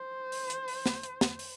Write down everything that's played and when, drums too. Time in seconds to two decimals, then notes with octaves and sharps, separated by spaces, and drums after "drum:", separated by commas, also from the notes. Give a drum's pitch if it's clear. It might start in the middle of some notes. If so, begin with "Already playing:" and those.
Already playing: C5
0.32 drum: open hi-hat
0.50 drum: hi-hat
0.68 drum: open hi-hat
0.86 drum: snare
1.03 drum: hi-hat
1.21 drum: snare
1.39 drum: open hi-hat